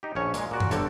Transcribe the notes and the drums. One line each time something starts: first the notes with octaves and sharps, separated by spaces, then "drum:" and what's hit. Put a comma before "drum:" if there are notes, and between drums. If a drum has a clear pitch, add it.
D#4 G4
A#1 C#4 C#5
A#2 G#3, drum: hi-hat
A#2 F#4 D5
drum: tom F#2
G1 D3 A4 C#5 G5, drum: hi-hat